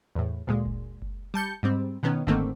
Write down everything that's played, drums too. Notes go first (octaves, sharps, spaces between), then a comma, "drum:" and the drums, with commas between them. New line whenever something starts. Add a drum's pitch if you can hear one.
E2 A2
D2 A#2 G#3
drum: kick F#1
drum: kick F#1
G3 A5 G6 C#7
G#2 G3 C4
B2 D#3 B3 C#4
G#2 D3 D#3 A3 A#3 C4, drum: kick F#1